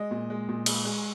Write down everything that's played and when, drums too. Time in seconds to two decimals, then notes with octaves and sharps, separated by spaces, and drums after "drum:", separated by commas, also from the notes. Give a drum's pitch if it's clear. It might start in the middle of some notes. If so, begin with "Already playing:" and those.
Already playing: G#3 D#5
0.11 A#2
0.30 G#3
0.49 A#2
0.66 G#3, drum: cymbal
0.85 G#3